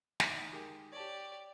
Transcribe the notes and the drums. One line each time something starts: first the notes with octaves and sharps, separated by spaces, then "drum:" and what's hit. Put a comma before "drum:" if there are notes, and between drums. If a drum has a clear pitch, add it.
E2 D#4 D6, drum: snare
D#3 G#3 G4
G4 C#5 D5 A5